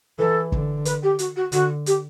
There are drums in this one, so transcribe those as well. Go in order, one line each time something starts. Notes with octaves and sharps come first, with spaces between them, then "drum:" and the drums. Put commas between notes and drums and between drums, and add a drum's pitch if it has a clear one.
E3 A4
D3, drum: kick
B4, drum: hi-hat
G4
F#4, drum: hi-hat
F#4
D3 F#4, drum: hi-hat
G4, drum: hi-hat